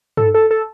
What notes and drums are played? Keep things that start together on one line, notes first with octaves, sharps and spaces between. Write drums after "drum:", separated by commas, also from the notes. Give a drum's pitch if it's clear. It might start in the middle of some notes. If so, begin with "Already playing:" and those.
A4, drum: tom G2
A4
A4